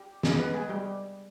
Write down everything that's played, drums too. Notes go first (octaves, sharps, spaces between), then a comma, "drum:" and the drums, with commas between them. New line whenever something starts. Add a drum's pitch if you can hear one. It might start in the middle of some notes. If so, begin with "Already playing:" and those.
Already playing: G4
G#3 G#4, drum: snare
B3 B4
G#3 G#4
G3 G4